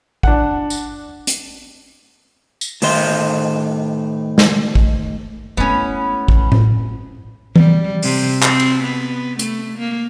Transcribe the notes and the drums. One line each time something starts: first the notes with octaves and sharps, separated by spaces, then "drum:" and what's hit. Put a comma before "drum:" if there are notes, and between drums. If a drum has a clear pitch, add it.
D4 F#5, drum: kick
drum: tambourine
drum: hi-hat
drum: tambourine
A2 D#3 C5 C6, drum: open hi-hat
drum: snare
drum: kick
G#3 A3 B3 C#4 E4 B5
drum: kick
drum: tom A2
G3, drum: tom E3
C3, drum: open hi-hat
C4, drum: clap
drum: cymbal
B3
A3, drum: hi-hat
A#3